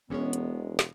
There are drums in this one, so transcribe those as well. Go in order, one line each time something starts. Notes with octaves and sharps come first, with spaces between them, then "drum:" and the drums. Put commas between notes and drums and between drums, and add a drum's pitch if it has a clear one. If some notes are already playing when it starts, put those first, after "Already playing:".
E1 B2 E3 G#3 B3 C#4 C#5
drum: hi-hat
drum: snare